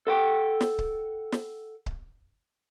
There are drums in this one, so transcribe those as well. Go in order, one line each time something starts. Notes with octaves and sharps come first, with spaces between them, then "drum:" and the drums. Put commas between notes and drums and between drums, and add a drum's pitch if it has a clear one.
A4 F#5 G5
drum: snare
drum: kick C#1
drum: snare
drum: kick C#1